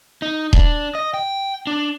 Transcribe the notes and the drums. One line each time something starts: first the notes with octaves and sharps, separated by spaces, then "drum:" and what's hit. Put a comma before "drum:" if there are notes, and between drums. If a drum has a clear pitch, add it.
D#4
D4, drum: kick D#1
D#5
G5
D4